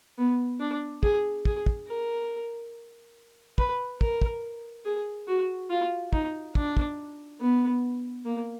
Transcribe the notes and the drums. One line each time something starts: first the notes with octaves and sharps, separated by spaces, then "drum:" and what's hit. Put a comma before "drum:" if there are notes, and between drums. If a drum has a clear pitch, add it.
B3
D4
G#4, drum: kick
G#4, drum: kick
drum: kick
A#4
B4, drum: kick
A#4, drum: kick
drum: kick
G#4
F#4
F4
D#4, drum: kick
D4, drum: kick
drum: kick
B3
A#3